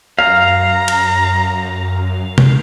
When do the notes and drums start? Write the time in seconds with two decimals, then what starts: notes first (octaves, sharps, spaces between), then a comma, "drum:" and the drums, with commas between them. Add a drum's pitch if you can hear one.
0.19 F#2 F5 A#5
0.88 drum: cymbal
2.38 drum: tom C3